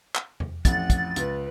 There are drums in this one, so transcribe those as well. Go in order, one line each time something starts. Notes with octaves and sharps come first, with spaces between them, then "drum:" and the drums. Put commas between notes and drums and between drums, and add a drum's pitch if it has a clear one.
drum: clap
drum: tom E2
A1 F2 F#5 A6, drum: kick, hi-hat
drum: kick, hi-hat
C#2 B4, drum: hi-hat